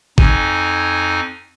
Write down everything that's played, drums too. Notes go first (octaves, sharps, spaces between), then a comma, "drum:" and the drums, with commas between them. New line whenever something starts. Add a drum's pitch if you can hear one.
F2 D#4 G#5, drum: kick